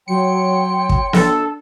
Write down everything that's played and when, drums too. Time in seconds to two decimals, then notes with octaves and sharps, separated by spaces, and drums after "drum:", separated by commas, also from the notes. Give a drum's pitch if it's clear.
0.08 F#3 C#5 G5 C6 C#7
0.89 drum: kick
1.13 D4 A4, drum: snare